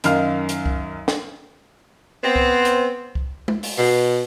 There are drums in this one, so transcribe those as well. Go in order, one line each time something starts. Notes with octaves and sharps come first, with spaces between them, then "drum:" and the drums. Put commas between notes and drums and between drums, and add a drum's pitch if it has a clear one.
F#2 D#3 F5 F6, drum: hi-hat
drum: hi-hat
drum: kick
drum: snare
B3 C4
drum: kick
drum: hi-hat
drum: kick
drum: tom
drum: open hi-hat
B2